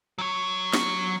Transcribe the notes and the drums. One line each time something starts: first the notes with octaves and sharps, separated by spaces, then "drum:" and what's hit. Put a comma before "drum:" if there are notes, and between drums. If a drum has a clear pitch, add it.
F#3 C#5
drum: snare